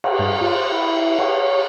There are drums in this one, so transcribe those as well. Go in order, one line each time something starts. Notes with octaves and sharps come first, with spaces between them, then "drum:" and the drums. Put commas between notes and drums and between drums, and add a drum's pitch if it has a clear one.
drum: cymbal
G2
F4
C5
E4
E4
C#5, drum: cymbal
C#5